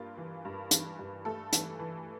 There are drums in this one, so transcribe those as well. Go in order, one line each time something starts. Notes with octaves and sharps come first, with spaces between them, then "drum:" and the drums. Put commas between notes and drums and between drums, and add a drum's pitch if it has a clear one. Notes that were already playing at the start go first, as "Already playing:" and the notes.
Already playing: G2 A#3 F4
E3
G2
E3, drum: hi-hat
G2
A3 A4
E3, drum: hi-hat
E3